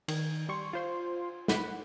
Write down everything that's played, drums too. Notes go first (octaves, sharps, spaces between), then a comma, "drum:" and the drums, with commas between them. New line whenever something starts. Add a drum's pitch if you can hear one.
D#3, drum: cymbal
G3 C6 C#6
F4 C5 C6
B4 F#5 B5, drum: snare